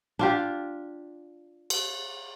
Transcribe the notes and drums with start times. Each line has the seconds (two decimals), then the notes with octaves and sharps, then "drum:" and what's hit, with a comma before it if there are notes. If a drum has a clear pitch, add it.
0.19 D4 F4 G4
1.70 drum: cymbal